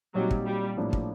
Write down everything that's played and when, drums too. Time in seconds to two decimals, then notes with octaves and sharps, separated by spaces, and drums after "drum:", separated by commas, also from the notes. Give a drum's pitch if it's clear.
0.14 A#2 F#3 G3 C4 D#4
0.31 drum: kick
0.46 G3
0.77 A2 F3 A#3 D4
0.93 drum: kick